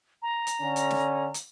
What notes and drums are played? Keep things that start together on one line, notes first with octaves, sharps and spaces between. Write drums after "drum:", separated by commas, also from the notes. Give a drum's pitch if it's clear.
A#5
drum: hi-hat
D3 C#4
drum: hi-hat
drum: snare
drum: hi-hat